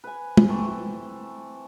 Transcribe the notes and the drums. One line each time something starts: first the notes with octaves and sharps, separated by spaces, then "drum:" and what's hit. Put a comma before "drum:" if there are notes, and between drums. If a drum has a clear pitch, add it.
B4 G#5
drum: tom
E3 A3 C4